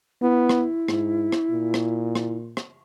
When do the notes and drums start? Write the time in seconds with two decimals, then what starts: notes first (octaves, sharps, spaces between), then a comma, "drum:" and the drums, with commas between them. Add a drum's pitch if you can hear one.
0.22 B3 E4
0.49 drum: rim click
0.88 G#2, drum: rim click
1.32 drum: rim click
1.51 A#2
1.74 drum: rim click
2.15 drum: rim click
2.57 drum: rim click